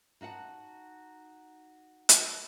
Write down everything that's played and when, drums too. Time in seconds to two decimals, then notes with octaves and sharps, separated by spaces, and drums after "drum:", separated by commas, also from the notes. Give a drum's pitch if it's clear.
0.21 D#4 F#4 E5 F#5 A5
2.09 drum: hi-hat